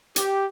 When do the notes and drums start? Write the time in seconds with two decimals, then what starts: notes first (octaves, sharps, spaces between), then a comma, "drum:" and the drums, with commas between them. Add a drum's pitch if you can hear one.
0.16 G4, drum: hi-hat